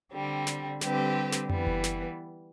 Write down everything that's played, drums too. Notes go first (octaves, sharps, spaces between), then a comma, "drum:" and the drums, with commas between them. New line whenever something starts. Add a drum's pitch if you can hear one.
D3 G3 C4
drum: snare
D3 G3 C4 G4 B4, drum: snare
drum: snare
E3 G3 B3, drum: tom F2
drum: kick F#1
drum: snare